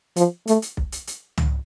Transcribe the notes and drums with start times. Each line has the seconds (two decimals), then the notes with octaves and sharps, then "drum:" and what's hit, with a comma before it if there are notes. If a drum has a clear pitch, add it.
0.16 F3, drum: hi-hat
0.47 A3, drum: hi-hat
0.62 drum: hi-hat
0.77 drum: kick B1
0.92 drum: hi-hat
1.07 drum: hi-hat
1.37 drum: tom